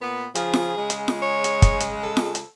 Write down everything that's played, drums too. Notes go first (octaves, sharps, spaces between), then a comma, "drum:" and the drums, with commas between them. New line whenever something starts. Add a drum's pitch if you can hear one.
A#2 B3
C#3 F3 G#4, drum: hi-hat
drum: snare F4
C#3 G#3
drum: hi-hat
drum: snare F4
C#5
drum: hi-hat
drum: kick, hi-hat
drum: hi-hat
A4
drum: snare F4
drum: hi-hat